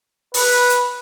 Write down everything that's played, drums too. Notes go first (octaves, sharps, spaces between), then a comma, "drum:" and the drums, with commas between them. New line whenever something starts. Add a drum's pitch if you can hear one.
B4, drum: open hi-hat
drum: hi-hat